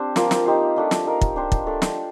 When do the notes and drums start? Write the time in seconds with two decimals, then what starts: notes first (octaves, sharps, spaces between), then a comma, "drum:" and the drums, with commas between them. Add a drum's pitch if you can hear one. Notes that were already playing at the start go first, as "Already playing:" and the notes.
Already playing: C4 D4 G4 C5
0.16 F3 A#3 F4 A#4, drum: snare
0.31 drum: snare
0.46 D#4 G4 C5 F5
0.76 A3 D4 F4
0.91 drum: snare
1.07 D#4 A#4 F5
1.21 drum: kick
1.36 D4 G4 C5
1.52 drum: kick
1.67 A3 D4 A4 D5
1.82 drum: snare